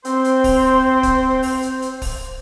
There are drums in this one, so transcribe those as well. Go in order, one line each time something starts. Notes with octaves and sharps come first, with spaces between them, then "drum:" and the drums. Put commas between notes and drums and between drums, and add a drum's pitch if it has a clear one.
C4 C5, drum: hi-hat
drum: hi-hat
drum: kick, open hi-hat
drum: kick, hi-hat
drum: open hi-hat
drum: hi-hat
drum: hi-hat
drum: kick, open hi-hat